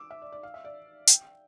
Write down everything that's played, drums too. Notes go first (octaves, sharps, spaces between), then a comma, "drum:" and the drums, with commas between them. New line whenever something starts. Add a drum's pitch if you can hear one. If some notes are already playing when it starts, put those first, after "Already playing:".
Already playing: D6 E6
E5
D5
D5
F5
E5
D5
G5, drum: hi-hat